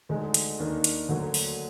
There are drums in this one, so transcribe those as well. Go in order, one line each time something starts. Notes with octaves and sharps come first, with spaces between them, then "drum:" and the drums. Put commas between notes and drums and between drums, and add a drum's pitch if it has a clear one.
D2 D3 G#3 D#4
drum: hi-hat
D#2 D#3 A#3 D4
drum: hi-hat
D2 D3 F#3 A#3
drum: open hi-hat